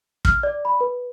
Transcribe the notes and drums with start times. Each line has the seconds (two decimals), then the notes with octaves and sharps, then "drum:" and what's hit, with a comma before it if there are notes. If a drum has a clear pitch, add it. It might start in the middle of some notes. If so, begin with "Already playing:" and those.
0.25 F6, drum: kick
0.43 D5
0.65 B5
0.81 B4